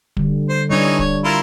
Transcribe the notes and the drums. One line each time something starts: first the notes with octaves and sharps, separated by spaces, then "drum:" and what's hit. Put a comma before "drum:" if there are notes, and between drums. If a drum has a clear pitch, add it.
D3 G3, drum: kick
C5
E3 G3 D4 D#4 C#5
C#5, drum: kick
E4 F4 A#4